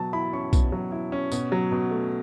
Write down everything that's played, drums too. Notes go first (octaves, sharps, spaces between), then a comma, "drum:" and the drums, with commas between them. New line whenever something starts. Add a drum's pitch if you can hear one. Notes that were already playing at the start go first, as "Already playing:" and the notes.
Already playing: B2 F#3 A5
E4 B5
C#4 C#6
B2, drum: kick B1, tambourine
F#3
E4
C#4
B2, drum: tambourine
F#3
B2
A3